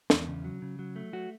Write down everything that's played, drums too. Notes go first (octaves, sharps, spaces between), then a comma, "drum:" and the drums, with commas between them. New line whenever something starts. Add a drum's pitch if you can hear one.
E2, drum: snare
C#3
F#3
C#3
F#3
A3
F#3 F#4